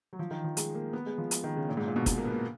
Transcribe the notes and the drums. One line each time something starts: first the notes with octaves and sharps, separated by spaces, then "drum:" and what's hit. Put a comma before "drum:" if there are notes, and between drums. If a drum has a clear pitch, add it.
F#3
F3
D#3
F3
G#3, drum: hi-hat
A#3
B3
G#3
F3
drum: hi-hat
D#3
C#3
A#2
G#2
A#2
B2
B2, drum: kick, hi-hat
A#3
B3
A#3